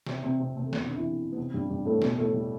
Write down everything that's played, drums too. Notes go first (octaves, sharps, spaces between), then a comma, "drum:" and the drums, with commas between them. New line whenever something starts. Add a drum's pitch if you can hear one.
C3 C4, drum: snare
C3 C4
C3 C4
C3 C4
A3
B2 B3, drum: snare
C3 C4
D3 D4
E3 E4
B3
C3 C4
G2 G3
G2 G3
A2 A3
B2 B3, drum: snare
A2 A3
G3